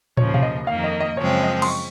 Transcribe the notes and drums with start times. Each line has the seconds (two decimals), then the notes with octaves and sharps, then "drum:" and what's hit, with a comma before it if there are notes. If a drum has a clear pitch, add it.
0.17 D#2 C#3 F3 C#5, drum: tom
0.34 F5, drum: tom B2
0.43 D#5
0.67 F2 D#3 A#3 F5
0.84 D#5
1.00 D#5
1.17 F#2 C#3 F3 G#3 C4 C#5
1.43 D#5
1.62 C6, drum: cymbal
1.68 C#6